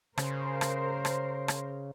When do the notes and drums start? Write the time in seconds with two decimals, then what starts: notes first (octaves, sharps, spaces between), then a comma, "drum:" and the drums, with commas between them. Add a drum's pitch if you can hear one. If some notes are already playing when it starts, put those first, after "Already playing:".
0.18 C#3 A#4 C5, drum: rim click
0.61 drum: rim click
1.05 drum: rim click
1.48 drum: rim click